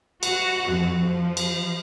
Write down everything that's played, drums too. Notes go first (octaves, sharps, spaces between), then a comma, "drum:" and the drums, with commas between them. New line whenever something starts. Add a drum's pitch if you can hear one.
F#4, drum: cymbal
F2
F3
drum: cymbal